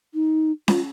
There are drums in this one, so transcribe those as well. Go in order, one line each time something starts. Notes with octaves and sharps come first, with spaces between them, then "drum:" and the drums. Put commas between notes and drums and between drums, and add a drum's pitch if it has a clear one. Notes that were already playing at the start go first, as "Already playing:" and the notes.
D#4
F4, drum: snare C#4